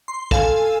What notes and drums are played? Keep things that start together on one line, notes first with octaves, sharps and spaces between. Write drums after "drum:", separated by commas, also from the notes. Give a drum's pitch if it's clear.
C6
A4 F5 G#5, drum: kick